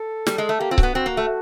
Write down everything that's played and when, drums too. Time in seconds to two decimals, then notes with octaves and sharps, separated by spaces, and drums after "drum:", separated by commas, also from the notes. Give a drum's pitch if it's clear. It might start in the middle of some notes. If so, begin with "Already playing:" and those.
Already playing: A4
0.27 G3, drum: snare
0.38 G#3
0.49 A3
0.60 A#3 G4
0.71 C4 F4
0.78 F#4, drum: kick C#1
0.83 B3
0.94 C4 F#4
1.06 A#3
1.17 A3